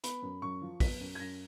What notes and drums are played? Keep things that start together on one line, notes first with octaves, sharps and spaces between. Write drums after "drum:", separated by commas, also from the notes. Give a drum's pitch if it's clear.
B3 B5, drum: hi-hat
F#2
F#2 C#6
F3
B3 B6, drum: kick, open hi-hat
F#2
G#6
F#2 A#6